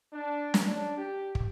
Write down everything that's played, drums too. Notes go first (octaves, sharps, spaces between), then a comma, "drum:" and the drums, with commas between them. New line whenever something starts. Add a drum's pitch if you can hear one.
D4
drum: snare
D4
G4
drum: kick